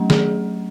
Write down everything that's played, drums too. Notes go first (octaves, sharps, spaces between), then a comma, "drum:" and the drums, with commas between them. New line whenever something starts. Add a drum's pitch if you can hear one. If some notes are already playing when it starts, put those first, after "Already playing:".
Already playing: F#3 A3 C#4
G#4, drum: snare